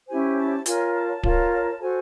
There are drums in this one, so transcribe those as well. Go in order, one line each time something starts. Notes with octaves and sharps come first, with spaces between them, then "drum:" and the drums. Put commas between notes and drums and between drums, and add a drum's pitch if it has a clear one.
C#4 E4 G4 C5 G#5
A5
F4 A#4 C#5 G#5, drum: hi-hat
A5
F4 A#4 C#5, drum: kick D1
A5
F#4 A4 C5 G#5